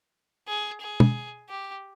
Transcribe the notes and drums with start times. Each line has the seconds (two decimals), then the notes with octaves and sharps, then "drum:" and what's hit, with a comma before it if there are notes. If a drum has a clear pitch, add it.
0.48 G#4
0.81 G#4
1.00 drum: tom
1.49 G4